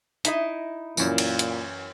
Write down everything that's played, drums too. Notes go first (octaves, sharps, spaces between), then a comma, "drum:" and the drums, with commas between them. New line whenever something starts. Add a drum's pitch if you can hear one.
D#4 E4 D#5, drum: hi-hat
F#2 A#2 E3, drum: tambourine
drum: cymbal
drum: hi-hat